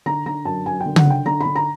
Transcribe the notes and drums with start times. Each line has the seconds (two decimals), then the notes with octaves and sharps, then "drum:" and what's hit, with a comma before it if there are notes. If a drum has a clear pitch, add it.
0.06 D3 A#5
0.26 D3 A#5
0.45 F#2 A5
0.65 F#2 G#5
0.80 G5
0.86 D3
0.96 F#5, drum: tom C#3
1.06 D3 G5
1.26 D3 A#5
1.41 D3 B5
1.56 A#5